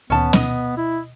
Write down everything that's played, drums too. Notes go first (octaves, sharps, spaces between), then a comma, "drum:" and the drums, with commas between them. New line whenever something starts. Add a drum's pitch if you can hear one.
D2 A#2 D#3 B3 C#4 A5
B2 D#5, drum: snare
E4